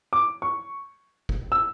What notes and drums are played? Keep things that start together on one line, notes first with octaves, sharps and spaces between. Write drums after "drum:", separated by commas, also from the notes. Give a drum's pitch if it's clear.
D6
C#6
drum: kick F1
E6